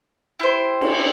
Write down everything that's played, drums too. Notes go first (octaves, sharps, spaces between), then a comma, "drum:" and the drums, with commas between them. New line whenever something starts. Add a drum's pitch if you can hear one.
E4 G4 C5
drum: cymbal